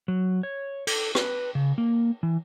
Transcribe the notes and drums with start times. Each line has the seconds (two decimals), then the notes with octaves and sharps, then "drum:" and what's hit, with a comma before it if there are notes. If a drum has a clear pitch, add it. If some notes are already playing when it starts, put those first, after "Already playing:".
0.08 F#3
0.43 C#5
0.87 A4, drum: cymbal
1.15 B4, drum: rim click
1.55 C#3
1.78 A#3
2.23 E3